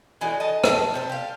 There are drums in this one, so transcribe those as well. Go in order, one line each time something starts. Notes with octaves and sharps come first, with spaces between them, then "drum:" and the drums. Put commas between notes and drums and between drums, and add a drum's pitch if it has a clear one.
D3 E3 G#3 F#4
D#5 A5
drum: rim click
C3 A4 C5
G4 F5